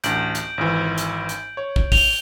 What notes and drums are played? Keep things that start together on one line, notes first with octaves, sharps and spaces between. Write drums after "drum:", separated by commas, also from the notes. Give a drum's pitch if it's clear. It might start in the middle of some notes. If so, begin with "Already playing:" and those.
A1 D2 G6 D7 F#7, drum: hi-hat
drum: hi-hat
G#1 F2 E3
drum: hi-hat
drum: hi-hat
C#5
drum: kick
F7 G7, drum: kick, open hi-hat